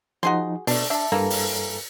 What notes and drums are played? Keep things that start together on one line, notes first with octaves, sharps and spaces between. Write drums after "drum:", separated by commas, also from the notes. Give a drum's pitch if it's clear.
F3 D#4 F#4 G#4 C6
B2 A3 D4, drum: open hi-hat
D4 E5 A5
G2 E3 A#3 A4 A#5
drum: open hi-hat